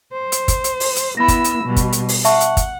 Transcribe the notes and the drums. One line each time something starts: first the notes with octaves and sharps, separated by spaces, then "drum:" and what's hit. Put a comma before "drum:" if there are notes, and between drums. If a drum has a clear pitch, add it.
C5
drum: hi-hat
drum: kick, hi-hat
drum: hi-hat
drum: open hi-hat
drum: hi-hat
B3 E4 B5 E6 A#6
drum: kick, hi-hat
drum: hi-hat
B2 G3
drum: kick, hi-hat
drum: hi-hat
drum: open hi-hat
E5 F#5 A5 C#6, drum: hi-hat
drum: hi-hat
drum: kick, hi-hat